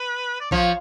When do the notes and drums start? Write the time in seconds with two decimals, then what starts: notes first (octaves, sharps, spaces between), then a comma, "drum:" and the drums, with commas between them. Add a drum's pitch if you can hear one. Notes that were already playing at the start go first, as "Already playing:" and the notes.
Already playing: B4
0.40 D5
0.51 F3 C#5, drum: kick A#1